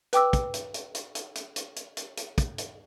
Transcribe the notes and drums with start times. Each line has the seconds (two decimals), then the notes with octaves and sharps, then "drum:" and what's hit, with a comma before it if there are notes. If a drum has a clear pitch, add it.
0.13 B4 G5 D6 E6, drum: hi-hat
0.33 drum: kick, hi-hat
0.54 drum: hi-hat
0.74 drum: hi-hat
0.95 drum: hi-hat
1.15 drum: hi-hat
1.36 drum: hi-hat
1.56 drum: hi-hat
1.76 drum: hi-hat
1.97 drum: hi-hat
2.17 drum: hi-hat
2.38 drum: kick, hi-hat
2.58 drum: hi-hat